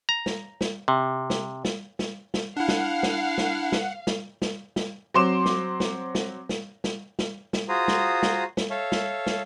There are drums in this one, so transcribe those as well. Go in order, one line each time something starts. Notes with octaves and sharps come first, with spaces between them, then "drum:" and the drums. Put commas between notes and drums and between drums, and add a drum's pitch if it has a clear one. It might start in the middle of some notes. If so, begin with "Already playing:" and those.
A#5
drum: snare
drum: snare
C3
drum: snare
drum: snare
drum: snare
drum: snare
D4 E4 F5 F#5
drum: snare
drum: snare
drum: snare
drum: snare
drum: snare
drum: snare
drum: snare
F#3 C4 C6 D6 E7
drum: snare
drum: snare
drum: snare
drum: snare
drum: snare
drum: snare
drum: snare
F4 F#4 G#4 C5 A#5 D#6
drum: snare
drum: snare
drum: snare
A4 C#5 E5 F5
drum: snare
drum: snare